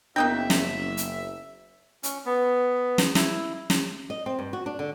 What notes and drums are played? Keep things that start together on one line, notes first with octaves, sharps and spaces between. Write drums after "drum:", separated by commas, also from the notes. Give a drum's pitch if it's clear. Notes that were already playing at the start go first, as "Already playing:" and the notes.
F#1 A#3 B3 D4 D#5 E5 G5
drum: snare
drum: hi-hat
C#4, drum: hi-hat
B3
drum: snare
E4, drum: snare
drum: snare
D#5
C4
G2
F#4
D4
D3